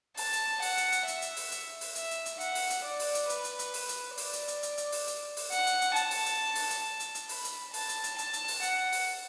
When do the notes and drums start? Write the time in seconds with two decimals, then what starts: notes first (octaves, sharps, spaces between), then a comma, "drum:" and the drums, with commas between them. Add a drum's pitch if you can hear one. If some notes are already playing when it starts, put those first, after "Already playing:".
0.17 A5, drum: open hi-hat
0.33 drum: hi-hat
0.62 F#5, drum: open hi-hat
0.77 drum: hi-hat
0.92 drum: hi-hat
1.08 E5, drum: hi-hat
1.22 drum: hi-hat
1.37 drum: open hi-hat
1.51 drum: hi-hat
1.81 drum: open hi-hat
1.95 E5, drum: hi-hat
2.11 drum: hi-hat
2.26 drum: hi-hat
2.40 F#5, drum: hi-hat
2.55 drum: open hi-hat
2.70 drum: hi-hat
2.84 D5
3.00 drum: open hi-hat
3.14 drum: hi-hat
3.29 B4, drum: hi-hat
3.44 drum: hi-hat
3.59 drum: hi-hat
3.74 drum: open hi-hat
3.89 drum: hi-hat
4.18 D5, drum: open hi-hat
4.33 drum: hi-hat
4.48 drum: hi-hat
4.63 drum: hi-hat
4.78 drum: hi-hat
4.92 drum: open hi-hat
5.07 drum: hi-hat
5.37 drum: open hi-hat
5.52 F#5, drum: hi-hat
5.66 drum: hi-hat
5.81 drum: hi-hat
5.96 A5, drum: hi-hat
6.11 drum: open hi-hat
6.26 drum: hi-hat
6.55 drum: open hi-hat
6.70 drum: hi-hat
7.00 drum: hi-hat
7.15 drum: hi-hat
7.29 B5, drum: open hi-hat
7.44 drum: hi-hat
7.74 A5, drum: open hi-hat
7.89 drum: hi-hat
8.04 drum: hi-hat
8.18 A5, drum: hi-hat
8.33 drum: hi-hat
8.48 drum: open hi-hat
8.63 F#5, drum: hi-hat
8.93 drum: open hi-hat